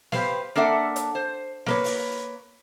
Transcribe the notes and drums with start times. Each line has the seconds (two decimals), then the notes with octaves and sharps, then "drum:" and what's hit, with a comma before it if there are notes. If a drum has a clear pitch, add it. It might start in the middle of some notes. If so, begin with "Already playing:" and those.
0.12 G4 B4 C5 F5, drum: snare
0.56 A#3 D4 A4 E5 F#5
0.96 drum: hi-hat
1.15 C5
1.66 A#3 B4 C#5, drum: snare
1.84 drum: open hi-hat